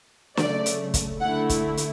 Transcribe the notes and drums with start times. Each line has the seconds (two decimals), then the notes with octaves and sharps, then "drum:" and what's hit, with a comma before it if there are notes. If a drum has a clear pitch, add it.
0.37 C#3 F#3 A3 D5, drum: snare
0.66 drum: hi-hat
0.94 drum: kick, hi-hat
1.21 D3 A3 E4 F#5
1.49 drum: kick, hi-hat
1.77 drum: hi-hat